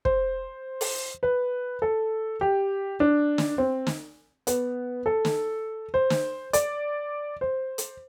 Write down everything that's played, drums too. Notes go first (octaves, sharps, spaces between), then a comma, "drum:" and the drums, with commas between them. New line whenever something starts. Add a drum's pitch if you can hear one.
C5, drum: kick
drum: open hi-hat
B4
A4
G4
D4
drum: snare
C4
drum: snare
B3, drum: hi-hat
A4
drum: snare
C5
drum: snare
D5, drum: hi-hat
C5
drum: hi-hat